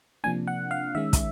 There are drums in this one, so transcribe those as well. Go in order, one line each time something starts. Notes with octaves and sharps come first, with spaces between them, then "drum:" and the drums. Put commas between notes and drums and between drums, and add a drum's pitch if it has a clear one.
C3 F3 A#3 D4 G#5
F#5
F5
D#3 G#3 C#4 E5
drum: kick, hi-hat